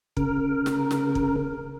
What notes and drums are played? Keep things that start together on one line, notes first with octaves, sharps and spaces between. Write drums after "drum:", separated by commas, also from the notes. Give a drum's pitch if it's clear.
C#3 A#4, drum: kick
drum: snare
drum: snare
drum: kick